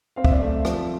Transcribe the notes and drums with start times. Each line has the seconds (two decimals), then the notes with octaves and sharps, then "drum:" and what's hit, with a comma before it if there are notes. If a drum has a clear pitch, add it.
0.16 C4 F5
0.24 E5, drum: kick
0.31 D5
0.39 A3 E5
0.65 F3, drum: rim click